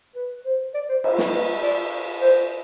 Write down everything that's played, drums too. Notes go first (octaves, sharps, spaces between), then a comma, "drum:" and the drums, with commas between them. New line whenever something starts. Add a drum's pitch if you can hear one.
B4
C5
D5
C5
C5, drum: cymbal
B4, drum: snare
B4
D5
C5